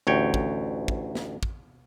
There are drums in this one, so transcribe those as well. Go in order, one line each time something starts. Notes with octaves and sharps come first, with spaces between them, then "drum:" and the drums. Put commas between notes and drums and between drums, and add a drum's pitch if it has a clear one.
A1 D2 C#5 G5
drum: kick
drum: kick
drum: snare
drum: kick